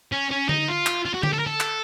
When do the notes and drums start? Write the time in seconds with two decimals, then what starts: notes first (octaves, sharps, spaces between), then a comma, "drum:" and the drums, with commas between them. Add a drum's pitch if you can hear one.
0.12 C#4
0.31 C#4
0.49 D#4, drum: tom D3
0.68 F4
0.86 drum: clap
1.05 F4
1.14 F#4
1.23 G4, drum: tom D3
1.33 A4
1.39 A#4
1.47 A4
1.60 drum: clap